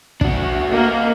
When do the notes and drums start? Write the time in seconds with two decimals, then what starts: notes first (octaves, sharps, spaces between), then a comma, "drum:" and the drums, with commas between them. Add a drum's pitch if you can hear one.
0.21 D4 F#4, drum: kick
0.74 A#3 D#5 F#5